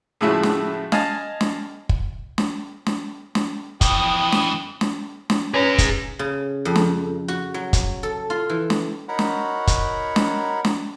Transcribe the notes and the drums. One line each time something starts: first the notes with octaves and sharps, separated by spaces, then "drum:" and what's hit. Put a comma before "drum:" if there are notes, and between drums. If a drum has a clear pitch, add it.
A2 C#3 F3 G#3 E4 F#4
drum: snare
D#5 F5 G#5 A5, drum: snare
drum: snare
drum: kick
drum: snare
drum: snare
drum: snare
F2 E3 G5 D#6, drum: kick, hi-hat
drum: snare
drum: snare
drum: snare
C#4 G#4 B4 C#5 A#5
drum: kick, hi-hat
C#3
F2
drum: snare
F#4
F#3
drum: kick, hi-hat
A4
F4
E3
drum: snare
D#4 F#4 A#4 C#5 F#5 B5
drum: snare
drum: kick, hi-hat
drum: snare
drum: snare